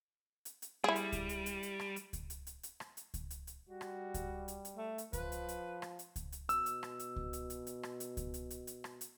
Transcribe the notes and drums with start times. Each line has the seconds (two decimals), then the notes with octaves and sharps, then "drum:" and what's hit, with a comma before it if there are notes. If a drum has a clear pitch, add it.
0.45 drum: hi-hat
0.62 drum: hi-hat
0.84 G3 E4 G#4
0.96 drum: hi-hat
1.12 drum: kick C#2, hi-hat
1.29 drum: hi-hat
1.46 drum: hi-hat
1.63 drum: hi-hat
1.79 drum: rim click
1.96 drum: hi-hat
2.13 drum: kick C#2, hi-hat
2.30 drum: hi-hat
2.47 drum: hi-hat
2.63 drum: hi-hat
2.80 drum: rim click
2.97 drum: hi-hat
3.14 drum: kick C#2, hi-hat
3.30 drum: hi-hat
3.47 drum: hi-hat
3.69 G3 F#4
3.81 drum: rim click
4.14 drum: kick C#2, hi-hat
4.48 drum: hi-hat
4.65 drum: hi-hat
4.77 A3
4.98 drum: hi-hat
5.13 F3 B4, drum: kick C#2, hi-hat
5.32 drum: hi-hat
5.49 drum: hi-hat
5.82 drum: rim click
5.99 drum: hi-hat
6.16 drum: kick C#2, hi-hat
6.32 drum: hi-hat
6.49 B2 E6, drum: hi-hat
6.66 drum: hi-hat
6.83 drum: rim click
6.99 drum: hi-hat
7.16 drum: kick C#2
7.33 drum: hi-hat
7.50 drum: hi-hat
7.67 drum: hi-hat
7.83 drum: rim click
8.00 drum: hi-hat
8.17 drum: kick C#2, hi-hat
8.34 drum: hi-hat
8.50 drum: hi-hat
8.67 drum: hi-hat
8.84 drum: rim click
9.01 drum: hi-hat